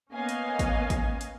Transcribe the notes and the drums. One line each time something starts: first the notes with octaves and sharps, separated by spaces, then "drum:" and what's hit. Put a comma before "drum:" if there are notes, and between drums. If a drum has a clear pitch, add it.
A#3 B3 C#4 D#5 F5 G#5
drum: hi-hat
drum: kick A1, hi-hat
drum: kick A1, hi-hat
drum: hi-hat